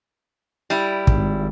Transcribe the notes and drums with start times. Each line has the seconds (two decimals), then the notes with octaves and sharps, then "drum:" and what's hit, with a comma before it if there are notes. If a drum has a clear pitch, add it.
0.70 G3 E4
1.07 G#1, drum: kick